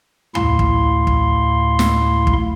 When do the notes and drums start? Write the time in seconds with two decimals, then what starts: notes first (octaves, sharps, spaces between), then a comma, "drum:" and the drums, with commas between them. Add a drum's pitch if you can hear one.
0.35 D2 A2 E4 F5 C6, drum: tom E2
0.59 drum: kick
1.07 drum: kick
1.79 drum: snare
2.27 drum: kick